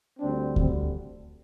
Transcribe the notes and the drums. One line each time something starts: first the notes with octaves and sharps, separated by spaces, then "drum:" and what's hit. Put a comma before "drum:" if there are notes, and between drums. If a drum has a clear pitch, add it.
D2 D3 G3 C4 D4
C4, drum: kick D2